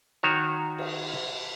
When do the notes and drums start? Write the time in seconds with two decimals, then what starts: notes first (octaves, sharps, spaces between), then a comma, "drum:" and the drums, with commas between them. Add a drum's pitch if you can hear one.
0.23 D#3 F#4 C#5
0.78 drum: cymbal